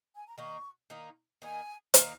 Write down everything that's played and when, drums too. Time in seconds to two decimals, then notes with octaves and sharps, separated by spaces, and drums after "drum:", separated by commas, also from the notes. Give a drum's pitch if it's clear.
0.15 G#5
0.27 A#5
0.38 D#3 A#3 D#4 C#6
0.90 D#3 A#3 D#4
1.42 D#3 A#3 D#4 G#5
1.94 D#3 A#3 D#4, drum: hi-hat